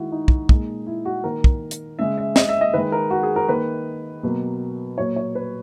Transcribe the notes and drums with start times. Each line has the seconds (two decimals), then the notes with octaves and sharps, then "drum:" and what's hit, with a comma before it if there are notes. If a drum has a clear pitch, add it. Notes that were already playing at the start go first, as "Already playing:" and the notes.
Already playing: D#3 G#3 E4 F#4
0.12 D#4
0.28 drum: kick
0.49 A#2 G#3, drum: kick
0.87 E4
1.05 F#4
1.24 D#3 A#3 A#4
1.44 drum: kick
1.71 drum: hi-hat
1.99 C#3 G#3 E5
2.18 E5
2.36 D#5, drum: snare
2.49 E5
2.61 D#5
2.74 D#3 G#3 B4
2.92 A#4
3.11 F#4
3.23 G#4
3.36 A#4
3.48 D#3 A#3 B4
4.23 B2 F#3 A#3
4.98 A#2 F#3 A#3 C#5
5.16 C#5
5.35 B4